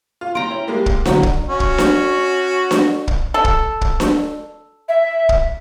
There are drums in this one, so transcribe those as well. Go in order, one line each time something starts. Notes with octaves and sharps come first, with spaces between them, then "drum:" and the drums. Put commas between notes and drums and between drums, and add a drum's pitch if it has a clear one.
F4
G5 A#5 C6
C#4 E4 F7
G3 G#3 A#3
drum: kick
B1 D3 F#3, drum: snare D4
drum: kick
C#4 F#4
drum: kick
drum: snare D4
drum: snare D4
drum: kick
A4
drum: kick
drum: kick
drum: snare D4
E5
drum: kick